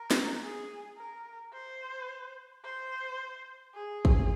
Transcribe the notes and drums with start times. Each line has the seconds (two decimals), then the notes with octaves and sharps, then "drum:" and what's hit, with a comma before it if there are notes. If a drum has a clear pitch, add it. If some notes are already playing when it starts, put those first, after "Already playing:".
Already playing: A#4
0.11 drum: snare
0.42 G#4
0.98 A#4
1.53 C5
2.64 C5
3.75 G#4
4.05 drum: kick